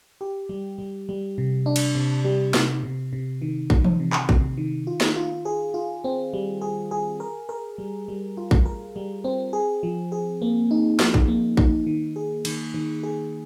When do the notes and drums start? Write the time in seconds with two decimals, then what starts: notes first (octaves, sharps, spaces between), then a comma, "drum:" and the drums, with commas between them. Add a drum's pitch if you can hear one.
0.21 G4
0.49 G3
0.78 G3
1.09 G3
1.38 C3
1.66 D4
1.76 drum: cymbal
1.95 C3
2.25 G3
2.54 C3, drum: snare
2.83 C3
3.13 C3
3.42 D#3
3.70 D#3, drum: kick
3.84 drum: tom E3
4.00 C3
4.13 drum: clap
4.29 C3, drum: kick
4.57 D#3
4.87 F4
5.01 drum: snare
5.16 F4
5.45 G#4
5.74 F4
6.04 C4
6.34 G3
6.61 G#4
6.91 G#4
7.20 A#4
7.49 A#4
7.78 G3
8.08 G3
8.37 F4
8.51 drum: kick
8.66 A#4
8.96 G3
9.24 C4
9.53 G#4
9.83 F3
10.12 G#4
10.42 A#3
10.71 D#4
11.00 F3, drum: snare
11.14 drum: kick
11.28 A#3
11.57 D#4, drum: kick
11.87 D#3
12.16 G#4
12.45 D#3, drum: cymbal
12.74 D#3
13.03 G#4